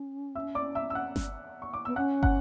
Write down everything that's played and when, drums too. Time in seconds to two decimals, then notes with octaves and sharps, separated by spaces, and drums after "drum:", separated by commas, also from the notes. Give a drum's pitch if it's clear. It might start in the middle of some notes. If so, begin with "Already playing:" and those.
Already playing: C#4
0.35 E5 E6
0.55 D5 D6
0.75 E5 E6
0.90 E6
0.95 F#5 F#6
1.16 drum: snare G1
1.62 C#6
1.73 D6
1.85 B3 E6
1.96 C#4 F#5 F#6
2.23 F#5 F#6, drum: kick